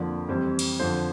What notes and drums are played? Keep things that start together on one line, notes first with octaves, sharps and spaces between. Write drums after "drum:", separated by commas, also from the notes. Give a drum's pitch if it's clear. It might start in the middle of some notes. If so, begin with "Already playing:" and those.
Already playing: F2 D3 F3 A#3 D4 D5
F2 E3 G3 C4
drum: cymbal
F2 D3 F3 C5